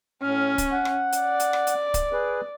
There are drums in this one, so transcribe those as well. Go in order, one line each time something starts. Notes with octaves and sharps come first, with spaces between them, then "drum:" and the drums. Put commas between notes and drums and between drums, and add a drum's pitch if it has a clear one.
A2 C#4 F6
drum: kick C#1, hi-hat
F#5
drum: rim click
drum: hi-hat
D5
drum: hi-hat
drum: rim click
drum: hi-hat
drum: kick C#1, hi-hat
G#4 B4